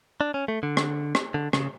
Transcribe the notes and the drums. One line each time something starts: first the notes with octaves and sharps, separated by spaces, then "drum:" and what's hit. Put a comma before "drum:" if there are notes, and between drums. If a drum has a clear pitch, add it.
D4
C#4
A3
D3
drum: rim click
drum: rim click
D3
C#3, drum: rim click